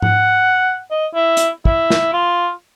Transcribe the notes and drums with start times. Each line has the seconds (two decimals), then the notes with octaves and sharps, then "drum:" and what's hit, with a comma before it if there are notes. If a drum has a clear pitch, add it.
0.02 F#5, drum: tom G#2
0.91 D#5
1.15 E4
1.37 drum: hi-hat
1.65 E4, drum: kick
1.90 drum: snare
2.13 F4